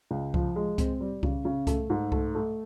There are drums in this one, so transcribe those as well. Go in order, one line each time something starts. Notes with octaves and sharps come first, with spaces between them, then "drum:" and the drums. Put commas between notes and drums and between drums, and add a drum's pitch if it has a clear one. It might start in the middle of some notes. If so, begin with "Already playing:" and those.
C#2
F3, drum: kick C2
G#3
C4, drum: kick C2, hi-hat
G3
C#3, drum: kick C2
C#3
A3, drum: kick C2, hi-hat
G#2
A3, drum: kick C2
A3